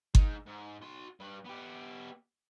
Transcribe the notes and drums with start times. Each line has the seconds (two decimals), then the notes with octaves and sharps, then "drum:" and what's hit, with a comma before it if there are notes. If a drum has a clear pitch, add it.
0.15 G#3 D#4, drum: kick G1
0.47 G#2
0.82 F#4 C6
1.20 G2 B4
1.45 B3 G4